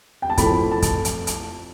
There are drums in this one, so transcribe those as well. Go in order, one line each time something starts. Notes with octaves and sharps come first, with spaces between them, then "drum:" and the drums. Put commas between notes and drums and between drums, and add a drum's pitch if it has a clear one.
G5
A5
F2 E3 A3 B5, drum: kick, hi-hat
A5
drum: kick, hi-hat
drum: hi-hat
drum: hi-hat